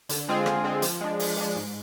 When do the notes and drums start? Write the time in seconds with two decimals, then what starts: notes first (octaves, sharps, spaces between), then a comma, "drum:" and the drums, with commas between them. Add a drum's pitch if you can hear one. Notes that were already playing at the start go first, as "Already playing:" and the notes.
0.09 D3, drum: hi-hat
0.28 G#3 C4 F4 G#4
0.46 D3, drum: rim click
0.64 G#3 C4 F4 G#4
0.82 F3, drum: hi-hat
1.01 G#3 D4
1.19 F3, drum: open hi-hat
1.37 G#3 D4
1.56 G#2